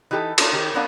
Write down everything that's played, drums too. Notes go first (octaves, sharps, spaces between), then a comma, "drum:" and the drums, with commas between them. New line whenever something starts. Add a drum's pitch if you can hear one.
E3 D#4 G4 A4
A#3 D4 F4 A4 B4, drum: cymbal
D#3 G4 G#4
F#3 B3 D4 F5